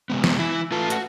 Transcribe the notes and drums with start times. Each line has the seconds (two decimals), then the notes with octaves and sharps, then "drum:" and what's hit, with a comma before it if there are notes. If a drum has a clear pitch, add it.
0.10 C3 G#3 B3
0.24 drum: snare
0.39 E3 E4
0.72 A3 F4 B4 A5
0.90 F#4 F#5, drum: hi-hat